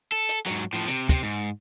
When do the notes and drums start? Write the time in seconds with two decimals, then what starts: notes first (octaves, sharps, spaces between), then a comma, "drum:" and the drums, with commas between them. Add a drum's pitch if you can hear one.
0.12 A4
0.29 drum: hi-hat
0.46 G#2 F#3, drum: hi-hat
0.73 A2 F3
0.88 C3, drum: hi-hat
1.09 C3, drum: kick, hi-hat
1.23 G#2